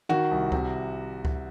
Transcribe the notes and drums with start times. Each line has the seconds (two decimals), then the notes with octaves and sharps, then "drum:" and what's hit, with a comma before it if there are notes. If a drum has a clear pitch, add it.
0.09 D#3 F#4, drum: tom
0.31 C2
0.52 C3, drum: kick C#2
1.25 drum: kick C#2